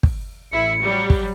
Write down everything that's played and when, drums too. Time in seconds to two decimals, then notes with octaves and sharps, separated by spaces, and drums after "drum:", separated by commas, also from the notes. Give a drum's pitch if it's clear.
0.03 drum: kick
0.52 A1 E4 C#7
0.83 F#3 G3
1.10 drum: kick